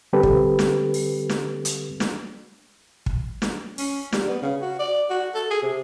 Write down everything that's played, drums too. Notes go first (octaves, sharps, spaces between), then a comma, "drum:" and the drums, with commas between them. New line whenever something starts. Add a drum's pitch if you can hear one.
D3 G3 C4 G4 A4 B4
drum: kick
drum: snare
drum: open hi-hat
drum: snare
drum: hi-hat
drum: snare
drum: kick
drum: snare
C#4, drum: open hi-hat
G3, drum: snare
B3
C#3
F#4
D5
F#4
A4
G#4
C3